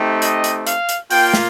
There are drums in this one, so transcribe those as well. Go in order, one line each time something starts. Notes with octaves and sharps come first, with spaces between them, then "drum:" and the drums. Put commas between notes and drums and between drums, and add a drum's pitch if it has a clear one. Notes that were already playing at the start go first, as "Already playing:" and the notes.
Already playing: A3 C4 D#4 G4
D#5, drum: hi-hat
drum: hi-hat
F5, drum: hi-hat
drum: hi-hat
A#3 F4 G5, drum: open hi-hat
drum: snare